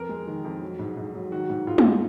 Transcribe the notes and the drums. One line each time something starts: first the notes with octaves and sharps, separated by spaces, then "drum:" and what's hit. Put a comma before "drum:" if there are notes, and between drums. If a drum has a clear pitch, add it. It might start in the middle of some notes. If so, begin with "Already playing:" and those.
Already playing: F2 A#4
G#3
D#3
F2
F#3
G#2
G#2
F#3
D#3 F#4
G#2
G#2 F4
drum: tom